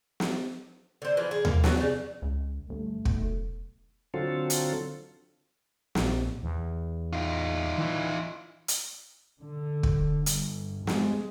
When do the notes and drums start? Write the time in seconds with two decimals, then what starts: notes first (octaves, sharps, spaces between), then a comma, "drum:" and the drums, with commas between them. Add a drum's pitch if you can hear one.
0.20 drum: snare
1.02 D3 C5
1.17 E3 F3
1.31 G#4
1.45 A#3, drum: tom D#2
1.64 E3 B3 C#4 F#4, drum: snare
1.77 C#3 D5
2.22 C#2
2.69 G1 A3
3.05 B1, drum: kick
4.14 D3 F#3 C4 F4 A4
4.50 drum: hi-hat
5.95 A#1, drum: snare
6.42 E2
7.13 D#4 F4
7.78 E3
8.68 drum: hi-hat
9.40 D3
9.83 drum: kick
10.26 G1, drum: hi-hat
10.87 G#3, drum: snare